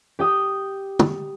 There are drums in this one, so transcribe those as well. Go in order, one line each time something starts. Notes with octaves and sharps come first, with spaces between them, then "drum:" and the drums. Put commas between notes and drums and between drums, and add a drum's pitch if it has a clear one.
G4 G5 D#6 G6
drum: tom